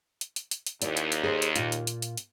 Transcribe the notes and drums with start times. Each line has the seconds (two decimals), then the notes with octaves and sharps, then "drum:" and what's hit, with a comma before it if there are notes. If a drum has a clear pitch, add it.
0.21 drum: hi-hat
0.36 drum: hi-hat
0.51 drum: hi-hat
0.66 drum: hi-hat
0.82 D#2 E4 D5, drum: hi-hat
0.97 drum: hi-hat
1.12 drum: hi-hat
1.23 G#4 B4 C5
1.42 drum: hi-hat
1.56 A#2 F4, drum: hi-hat
1.72 drum: hi-hat
1.87 drum: hi-hat
2.02 drum: hi-hat
2.17 drum: hi-hat